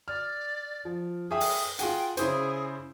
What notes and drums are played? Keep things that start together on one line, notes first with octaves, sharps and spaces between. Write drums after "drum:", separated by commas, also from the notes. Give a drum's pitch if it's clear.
D5 F6
F3
G#4 E5 G5 D#6
drum: open hi-hat
F4 G#4 F#5 G5, drum: hi-hat
C#3 E4 G#4 C5, drum: hi-hat